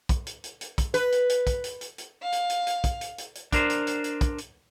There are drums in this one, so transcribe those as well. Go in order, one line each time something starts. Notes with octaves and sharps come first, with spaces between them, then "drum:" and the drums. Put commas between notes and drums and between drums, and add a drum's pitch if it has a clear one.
drum: kick, hi-hat
drum: hi-hat
drum: hi-hat
drum: hi-hat
drum: kick, hi-hat
B4, drum: hi-hat
drum: hi-hat
drum: hi-hat
drum: kick, hi-hat
drum: hi-hat
drum: hi-hat
drum: hi-hat
F5
drum: hi-hat
drum: hi-hat
drum: hi-hat
drum: kick, hi-hat
drum: hi-hat
drum: hi-hat
drum: hi-hat
D4 A#4 C5, drum: kick, hi-hat
drum: hi-hat
drum: hi-hat
drum: hi-hat
drum: kick, hi-hat
drum: hi-hat